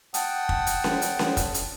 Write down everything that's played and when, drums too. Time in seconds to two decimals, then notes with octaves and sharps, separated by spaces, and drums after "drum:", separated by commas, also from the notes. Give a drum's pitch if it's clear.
0.14 F#5 G5 A5 D#6, drum: hi-hat
0.49 drum: kick
0.67 drum: hi-hat
0.84 drum: snare C#4
1.02 drum: hi-hat
1.19 drum: snare C#4
1.37 drum: kick, hi-hat
1.54 drum: hi-hat